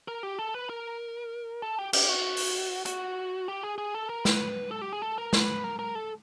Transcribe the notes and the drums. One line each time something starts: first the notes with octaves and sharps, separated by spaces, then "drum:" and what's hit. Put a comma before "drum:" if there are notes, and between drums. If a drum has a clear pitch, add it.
A#4
G4
A4
B4
A#4
A4
G4
G4, drum: cymbal
F#4
drum: open hi-hat
F#4, drum: hi-hat
G4
G#4
G#4
A4
A#4
B4, drum: snare
A4
G4
G#4
A4
A#4
B4, drum: snare
A#4
A#4
A4